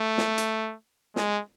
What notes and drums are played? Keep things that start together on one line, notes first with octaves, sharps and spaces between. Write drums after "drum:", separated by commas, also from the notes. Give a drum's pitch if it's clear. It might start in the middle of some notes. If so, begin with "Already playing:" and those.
Already playing: A3
drum: snare
drum: hi-hat
G#3, drum: snare